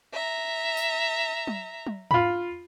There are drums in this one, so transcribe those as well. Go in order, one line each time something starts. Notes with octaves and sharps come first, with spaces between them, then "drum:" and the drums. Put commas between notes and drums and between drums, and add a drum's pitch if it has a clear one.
E5 A#5
drum: tambourine
drum: tom F#3
drum: tom F#3
F4 B5, drum: tom G#2